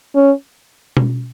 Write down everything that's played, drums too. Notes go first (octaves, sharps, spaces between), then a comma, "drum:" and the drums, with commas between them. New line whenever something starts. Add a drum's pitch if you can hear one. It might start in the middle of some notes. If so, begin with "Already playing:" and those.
C#4
drum: tom B2